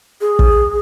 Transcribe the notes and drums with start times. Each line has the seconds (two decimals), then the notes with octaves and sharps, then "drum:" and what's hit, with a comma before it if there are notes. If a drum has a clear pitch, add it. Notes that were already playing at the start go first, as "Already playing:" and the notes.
0.21 G#4
0.39 drum: kick